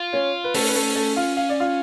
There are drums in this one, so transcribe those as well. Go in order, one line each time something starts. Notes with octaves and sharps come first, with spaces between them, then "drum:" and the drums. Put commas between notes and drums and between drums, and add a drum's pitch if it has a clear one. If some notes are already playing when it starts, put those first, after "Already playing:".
Already playing: F4
C#4 C#5
B4
A3 C#4 A4, drum: open hi-hat
B4
A3 A4
A3 A4
F4 F5
F5
D5
F4 F5